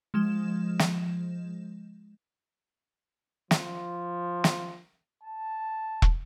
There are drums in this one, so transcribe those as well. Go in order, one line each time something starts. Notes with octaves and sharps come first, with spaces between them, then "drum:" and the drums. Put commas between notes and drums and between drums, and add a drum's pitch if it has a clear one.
F3 G#3 E7
drum: snare
F3, drum: snare
drum: snare
A5
drum: kick